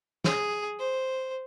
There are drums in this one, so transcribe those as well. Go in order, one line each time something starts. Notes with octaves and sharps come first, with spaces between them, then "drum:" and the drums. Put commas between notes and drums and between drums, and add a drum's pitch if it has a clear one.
G#4, drum: snare
C5